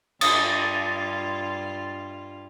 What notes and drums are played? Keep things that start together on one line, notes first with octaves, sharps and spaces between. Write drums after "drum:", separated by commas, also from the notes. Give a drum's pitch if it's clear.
G2 F4 D#6 A6, drum: cymbal